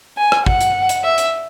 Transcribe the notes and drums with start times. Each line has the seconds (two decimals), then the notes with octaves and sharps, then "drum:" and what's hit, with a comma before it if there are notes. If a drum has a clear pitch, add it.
0.18 G#5
0.32 drum: rim click
0.46 F#5, drum: kick
0.61 drum: hi-hat
0.89 drum: hi-hat
1.04 E5
1.18 drum: hi-hat